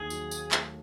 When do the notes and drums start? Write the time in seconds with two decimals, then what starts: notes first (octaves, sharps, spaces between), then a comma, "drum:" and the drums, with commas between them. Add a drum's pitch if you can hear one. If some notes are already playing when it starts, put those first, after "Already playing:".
Already playing: D#2 D#3 G#4
0.10 F#3, drum: tambourine
0.31 drum: tambourine
0.51 A3, drum: clap